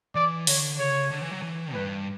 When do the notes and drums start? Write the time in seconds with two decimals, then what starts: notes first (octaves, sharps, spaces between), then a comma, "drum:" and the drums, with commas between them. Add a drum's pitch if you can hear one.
0.15 E3 D5
0.47 D3 C#5, drum: open hi-hat
0.79 C#3 C#5
1.11 D3
1.21 E3
1.32 F#3
1.42 E3
1.74 G2 B4